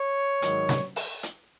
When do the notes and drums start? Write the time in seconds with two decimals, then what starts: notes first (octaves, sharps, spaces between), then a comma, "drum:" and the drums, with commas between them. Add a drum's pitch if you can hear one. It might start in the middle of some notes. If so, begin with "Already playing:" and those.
Already playing: C#5
0.42 G#2 D#3 F#3, drum: hi-hat
0.69 drum: snare
0.96 drum: open hi-hat
1.23 drum: hi-hat